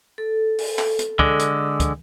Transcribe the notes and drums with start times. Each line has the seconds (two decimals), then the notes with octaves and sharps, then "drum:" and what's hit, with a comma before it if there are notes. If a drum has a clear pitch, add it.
0.18 A4
0.58 drum: open hi-hat
0.79 drum: clap
0.99 drum: hi-hat
1.19 D3 G#3, drum: kick
1.39 drum: hi-hat
1.80 drum: kick, hi-hat